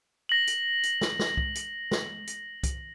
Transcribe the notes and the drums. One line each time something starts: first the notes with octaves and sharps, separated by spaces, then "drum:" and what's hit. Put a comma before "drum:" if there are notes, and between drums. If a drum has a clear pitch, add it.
A#6 F#7
drum: hi-hat
drum: hi-hat
drum: snare
drum: snare
drum: kick C2
drum: hi-hat
drum: snare
drum: hi-hat
drum: kick C2, hi-hat